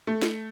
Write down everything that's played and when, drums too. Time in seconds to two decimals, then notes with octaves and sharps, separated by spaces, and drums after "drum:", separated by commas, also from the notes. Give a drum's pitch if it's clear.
0.07 A3
0.22 drum: snare